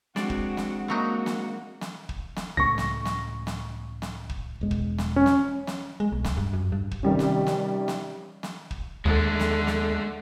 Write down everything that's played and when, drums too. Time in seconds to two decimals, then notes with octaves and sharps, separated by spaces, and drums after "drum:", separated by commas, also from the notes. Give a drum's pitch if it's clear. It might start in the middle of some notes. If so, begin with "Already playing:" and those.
0.16 G#3 C4 D4 F#4 D5, drum: snare
0.30 drum: kick
0.57 drum: snare
0.88 E3 F#3 A#3 D#4 F#4
1.26 drum: snare
1.81 drum: snare
2.09 drum: kick
2.36 drum: snare
2.57 C#2 A2 A3 C#6 A#6
2.78 drum: snare
3.05 drum: snare
3.47 drum: snare
4.02 drum: snare
4.29 drum: kick
4.61 E1 G#3
4.71 drum: kick
4.98 drum: snare
5.16 C#4
5.26 drum: snare
5.67 drum: snare
6.00 G#3
6.12 B1
6.24 D1, drum: snare
6.37 G2
6.53 F#2
6.72 G2
6.91 drum: kick
7.03 C3 D#3 G3 C#4
7.19 drum: snare
7.47 drum: snare
7.88 drum: snare
8.43 drum: snare
8.71 drum: kick
9.05 D#2 D3 G#3 A3
9.40 drum: snare
9.67 drum: snare